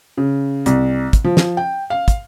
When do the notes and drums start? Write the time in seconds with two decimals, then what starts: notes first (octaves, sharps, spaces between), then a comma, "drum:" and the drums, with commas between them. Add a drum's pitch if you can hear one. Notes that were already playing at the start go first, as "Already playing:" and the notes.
0.17 C#3
0.66 C2, drum: hi-hat
1.13 drum: kick, hi-hat
1.24 F3
1.37 drum: snare
1.57 G5
1.90 F5
2.08 drum: kick, hi-hat